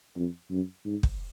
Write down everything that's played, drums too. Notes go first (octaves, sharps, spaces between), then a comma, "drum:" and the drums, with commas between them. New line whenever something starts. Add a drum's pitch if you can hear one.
F2
F#2
G#2
drum: kick